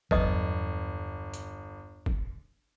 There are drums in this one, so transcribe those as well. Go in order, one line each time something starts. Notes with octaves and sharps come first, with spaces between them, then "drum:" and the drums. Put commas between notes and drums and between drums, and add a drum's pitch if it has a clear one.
G1 E2 F#3 B4 D#5 D#6, drum: kick
drum: hi-hat
drum: kick